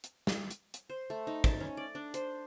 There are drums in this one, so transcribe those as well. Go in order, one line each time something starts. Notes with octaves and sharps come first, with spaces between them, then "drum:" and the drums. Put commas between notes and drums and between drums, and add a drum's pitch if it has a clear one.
drum: hi-hat
drum: snare
drum: hi-hat
drum: hi-hat
C5
A3
D#4
A5, drum: kick, hi-hat
C#4
D5
D4
C5, drum: hi-hat